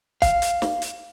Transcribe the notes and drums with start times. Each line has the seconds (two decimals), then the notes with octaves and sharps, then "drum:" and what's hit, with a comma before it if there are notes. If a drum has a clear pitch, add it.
0.22 F5, drum: kick, hi-hat
0.42 drum: hi-hat
0.62 drum: snare
0.82 drum: hi-hat